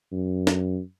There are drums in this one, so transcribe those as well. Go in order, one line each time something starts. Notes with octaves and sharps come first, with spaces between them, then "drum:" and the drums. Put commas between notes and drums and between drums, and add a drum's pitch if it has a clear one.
F#2
drum: snare